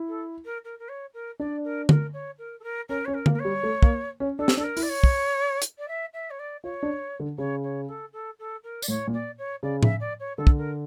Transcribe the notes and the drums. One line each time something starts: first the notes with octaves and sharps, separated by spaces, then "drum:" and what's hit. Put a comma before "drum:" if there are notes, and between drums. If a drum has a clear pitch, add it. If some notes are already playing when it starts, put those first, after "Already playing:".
Already playing: E4
A4
A#4
A#4
A#4
C#5
A#4
D4 D5
A#4
A#4, drum: tom D3
C#5
A#4
A4
A#4
C#4 A#4
C#4 C#5
A#4
A#3, drum: tom D3
A#4
C#5
G3
A3
A#3, drum: kick
C#4
D4 A4
drum: snare
D4 A4
A#4
E4, drum: open hi-hat
D5
C#5
drum: kick
drum: hi-hat
D5
E5
E5
C#5
D5
F4 C#5
D4
D3
C#3 C#5
C#5
A4
A4
A4
A#4
D5, drum: tambourine
A2 C#5
A#2
D5
C#5
C#3 D5
E5, drum: tom A2
D5
C#5
D3 A4
drum: kick
A#4